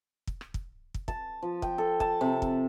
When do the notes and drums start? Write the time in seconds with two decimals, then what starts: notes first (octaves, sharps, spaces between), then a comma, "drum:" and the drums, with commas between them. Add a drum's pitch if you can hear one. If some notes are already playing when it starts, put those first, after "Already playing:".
0.27 drum: kick
0.41 drum: rim click
0.54 drum: kick
0.94 drum: kick
1.08 A5, drum: kick
1.42 F3
1.62 G5, drum: kick
1.78 A4
2.00 A5, drum: kick
2.21 C3
2.42 drum: kick